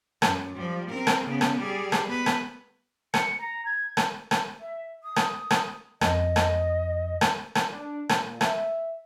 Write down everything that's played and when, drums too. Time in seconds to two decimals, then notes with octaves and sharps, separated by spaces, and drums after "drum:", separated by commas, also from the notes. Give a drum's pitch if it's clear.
0.22 F#2, drum: rim click
0.55 F3 G3
0.89 C4 A#4
1.07 drum: rim click
1.26 C#3 B3
1.41 drum: rim click
1.58 G3 G#4
1.92 drum: rim click
2.07 B3 B4
2.26 drum: rim click
3.14 C#7, drum: rim click
3.39 A#5
3.65 G#6
3.97 drum: rim click
4.31 drum: rim click
4.60 E5
5.04 D#6
5.16 drum: rim click
5.51 drum: rim click
6.01 F2 D#5, drum: rim click
6.36 drum: rim click
7.21 drum: rim click
7.55 drum: rim click
7.69 D4
8.09 A#2, drum: rim click
8.41 E5, drum: rim click